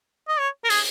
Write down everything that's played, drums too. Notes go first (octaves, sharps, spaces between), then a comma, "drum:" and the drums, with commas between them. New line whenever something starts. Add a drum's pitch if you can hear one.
D#5
C#5
A#4
G#4, drum: open hi-hat